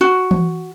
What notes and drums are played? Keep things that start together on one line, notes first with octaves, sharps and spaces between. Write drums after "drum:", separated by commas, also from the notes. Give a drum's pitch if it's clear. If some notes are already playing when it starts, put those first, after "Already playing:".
F#4
drum: tom E3